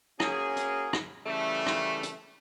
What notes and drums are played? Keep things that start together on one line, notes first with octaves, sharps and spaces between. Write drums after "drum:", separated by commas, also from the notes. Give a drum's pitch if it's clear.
A#3 C#4 F#4 G#4, drum: rim click
drum: hi-hat
drum: rim click
C#3 E3 G3 A3
drum: rim click
drum: hi-hat